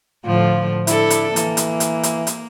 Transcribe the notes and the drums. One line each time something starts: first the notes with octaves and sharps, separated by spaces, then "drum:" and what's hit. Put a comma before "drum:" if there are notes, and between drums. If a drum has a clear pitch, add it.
A2 D3 F3 F4
D4 E4 A4, drum: hi-hat
drum: hi-hat
E3 A#3, drum: hi-hat
drum: hi-hat
drum: hi-hat
drum: hi-hat
drum: hi-hat